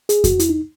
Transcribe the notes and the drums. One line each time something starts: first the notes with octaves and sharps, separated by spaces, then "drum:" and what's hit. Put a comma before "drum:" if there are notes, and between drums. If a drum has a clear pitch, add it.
G#4, drum: hi-hat
F#4, drum: kick F2, hi-hat
E4, drum: hi-hat
D#4